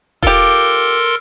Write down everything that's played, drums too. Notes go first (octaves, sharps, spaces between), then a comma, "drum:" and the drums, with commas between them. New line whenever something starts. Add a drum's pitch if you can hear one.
F4 G4 A4 A#4 C6, drum: kick E1